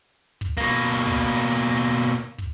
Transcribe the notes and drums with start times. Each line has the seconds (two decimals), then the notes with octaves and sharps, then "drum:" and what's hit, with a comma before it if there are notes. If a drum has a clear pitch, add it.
0.41 drum: kick
0.57 B2 A#3
1.07 drum: kick
2.38 drum: kick